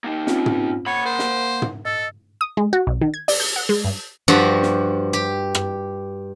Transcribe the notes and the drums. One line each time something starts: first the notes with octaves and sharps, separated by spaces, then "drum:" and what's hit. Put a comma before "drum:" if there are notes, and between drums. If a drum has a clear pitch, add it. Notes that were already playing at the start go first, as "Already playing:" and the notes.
A#3 D#4
C4 C#4 F4, drum: snare
drum: tom
A#3 C#5 F#5 B5
A#4 C5 F#5
drum: snare
drum: tom
A4 D#5 E6
D#6
G#3
F#4
B1
D#3
G#6
D5, drum: open hi-hat
G6
F#5
G#3
G2
G2 F3 F#4 G4 F#5
drum: snare
G4
drum: rim click